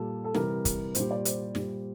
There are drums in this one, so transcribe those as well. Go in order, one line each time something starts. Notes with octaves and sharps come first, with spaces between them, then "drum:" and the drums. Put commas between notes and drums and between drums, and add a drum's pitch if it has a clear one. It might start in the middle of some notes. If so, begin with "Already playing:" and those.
Already playing: A#2 G3 A4
A4
C3 E3 G3 A#4, drum: snare
drum: kick, hi-hat
A#2 G3 C5, drum: hi-hat
D5
C5, drum: hi-hat
A#2 G3, drum: snare